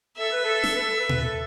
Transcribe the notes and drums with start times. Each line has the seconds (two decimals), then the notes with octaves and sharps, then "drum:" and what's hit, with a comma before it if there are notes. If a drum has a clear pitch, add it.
0.18 A4 E5
0.31 B4
0.44 A4
0.64 drum: snare
0.75 B4
0.79 A4
0.99 B4
1.09 drum: tom A#2
1.19 A4